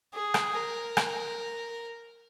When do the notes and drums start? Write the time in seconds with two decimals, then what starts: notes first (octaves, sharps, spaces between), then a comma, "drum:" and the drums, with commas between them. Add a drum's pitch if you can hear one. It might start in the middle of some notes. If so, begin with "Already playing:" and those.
0.14 G#4
0.34 drum: rim click
0.55 A#4
0.97 drum: rim click